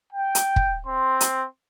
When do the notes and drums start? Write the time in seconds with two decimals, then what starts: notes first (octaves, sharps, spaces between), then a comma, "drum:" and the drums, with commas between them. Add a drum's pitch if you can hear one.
0.13 G5
0.35 drum: hi-hat
0.56 drum: kick
0.86 C4 C6
1.21 drum: hi-hat